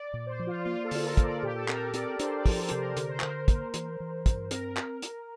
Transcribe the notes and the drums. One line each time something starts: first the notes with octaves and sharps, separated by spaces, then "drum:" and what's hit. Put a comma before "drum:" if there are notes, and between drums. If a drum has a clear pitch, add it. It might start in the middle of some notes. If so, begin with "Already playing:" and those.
Already playing: D5
A#2
C5
F3
F4
A#3 F4
A4
D3, drum: open hi-hat
A#4
A#3, drum: kick, hi-hat
D5
A#2 G4
A4
C4 A#4, drum: clap
C4 D5, drum: hi-hat
D4 C5, drum: hi-hat
D5
F3, drum: kick, open hi-hat
C3 C5, drum: hi-hat
A#4
D3 A#4, drum: hi-hat
C5
D3 A#4, drum: clap
A#3, drum: kick, hi-hat
E3, drum: hi-hat
E3
G2, drum: kick, hi-hat
C4 A#4, drum: hi-hat
drum: clap
drum: hi-hat